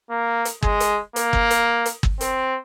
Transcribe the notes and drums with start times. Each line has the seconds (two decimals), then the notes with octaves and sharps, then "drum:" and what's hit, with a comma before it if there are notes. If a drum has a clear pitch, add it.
0.10 A#3
0.45 drum: hi-hat
0.63 G#3, drum: kick
0.80 drum: hi-hat
1.16 A#3, drum: hi-hat
1.33 drum: kick
1.50 drum: hi-hat
1.86 drum: hi-hat
2.03 drum: kick
2.21 C4, drum: hi-hat